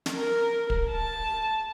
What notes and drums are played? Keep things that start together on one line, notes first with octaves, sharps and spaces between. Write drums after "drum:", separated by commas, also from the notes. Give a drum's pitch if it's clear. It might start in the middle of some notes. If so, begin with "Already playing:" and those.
drum: snare
A#4
drum: kick
A5